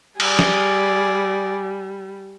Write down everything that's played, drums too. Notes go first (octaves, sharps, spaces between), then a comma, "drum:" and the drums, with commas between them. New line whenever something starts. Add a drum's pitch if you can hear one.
G3 G#4 D5, drum: cymbal
drum: snare